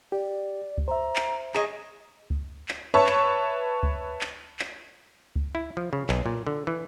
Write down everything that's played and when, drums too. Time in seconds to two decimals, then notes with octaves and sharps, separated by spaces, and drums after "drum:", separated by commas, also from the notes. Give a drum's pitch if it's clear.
0.12 G4 D5
0.78 drum: kick C#2
0.88 C5 E5 A#5
1.16 drum: clap
1.55 G#4 C#5 D#5 A#5, drum: clap
2.30 drum: kick C#2
2.68 drum: clap
2.94 B4 C#5 E5 A5 C#6
3.07 drum: clap
3.83 drum: kick C#2
4.21 drum: clap
4.59 drum: clap
5.36 drum: kick C#2
5.55 E4
5.77 F3
5.93 C#3
6.09 B1, drum: clap
6.26 A#2
6.47 D3
6.67 E3